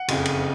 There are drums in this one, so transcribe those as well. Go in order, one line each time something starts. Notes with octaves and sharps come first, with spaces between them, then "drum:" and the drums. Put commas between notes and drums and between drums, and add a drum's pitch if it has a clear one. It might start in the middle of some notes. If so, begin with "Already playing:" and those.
Already playing: F#5
F#1 F2 C#3, drum: cymbal
drum: cymbal